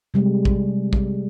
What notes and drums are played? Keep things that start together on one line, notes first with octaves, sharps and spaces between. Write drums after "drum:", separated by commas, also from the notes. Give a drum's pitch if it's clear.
C3 G3 G#3
drum: kick A#1
drum: kick A#1